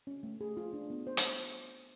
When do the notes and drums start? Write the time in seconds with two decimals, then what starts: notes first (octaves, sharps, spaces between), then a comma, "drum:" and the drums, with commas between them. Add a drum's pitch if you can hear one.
0.07 C#4
0.23 A3
0.41 G#4
0.57 F4
0.73 D4
0.90 B3
1.07 C5
1.17 drum: hi-hat